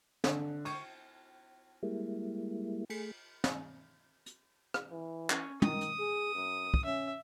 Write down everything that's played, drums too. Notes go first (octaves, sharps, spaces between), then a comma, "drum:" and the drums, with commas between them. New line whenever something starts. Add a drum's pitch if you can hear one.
D3, drum: snare
C#6, drum: cymbal
G3 G#3 A#3 E4
A3 G#4, drum: cymbal
drum: snare
drum: hi-hat
drum: rim click
E3
C#4, drum: clap
D#3 D#6, drum: tom
drum: hi-hat
G#4
F#2
drum: kick
C#4 E5